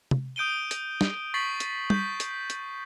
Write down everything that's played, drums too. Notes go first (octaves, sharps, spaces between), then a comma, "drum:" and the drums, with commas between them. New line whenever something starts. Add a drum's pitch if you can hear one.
drum: tom
D#6 G6 D7 D#7 G7
drum: hi-hat
drum: snare
C#6 A6 B6 C7 F#7
drum: hi-hat
G6 B6, drum: tom
drum: hi-hat
drum: hi-hat